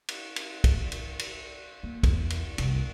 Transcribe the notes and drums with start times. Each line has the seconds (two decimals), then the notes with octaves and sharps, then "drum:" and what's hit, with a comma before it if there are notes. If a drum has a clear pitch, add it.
0.08 drum: cymbal
0.36 drum: cymbal
0.64 drum: kick, cymbal
0.92 drum: cymbal
1.19 drum: cymbal
1.83 A#3
2.03 E2, drum: kick, cymbal
2.30 drum: cymbal
2.58 F#1 C2, drum: cymbal